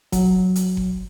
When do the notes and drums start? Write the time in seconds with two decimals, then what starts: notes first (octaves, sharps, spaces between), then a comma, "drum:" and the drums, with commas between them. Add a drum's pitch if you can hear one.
0.12 F#3, drum: kick F#1, hi-hat
0.56 drum: hi-hat
0.77 drum: kick F#1